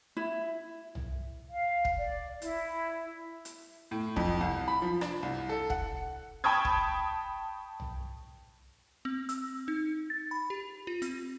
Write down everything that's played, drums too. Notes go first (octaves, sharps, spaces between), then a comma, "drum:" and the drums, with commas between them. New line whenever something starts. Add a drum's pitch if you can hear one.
E4
drum: tom B1
F5
drum: kick
D5
E4, drum: hi-hat
drum: hi-hat
A2
F2, drum: kick
C2
B5
F3
D4, drum: rim click
C2
A4
F#5, drum: kick
G5 A5 B5 C#6 D#6 G#6
drum: kick
drum: tom B1
C4
E6, drum: hi-hat
D#4
A6
B5
G4
F4
C4, drum: hi-hat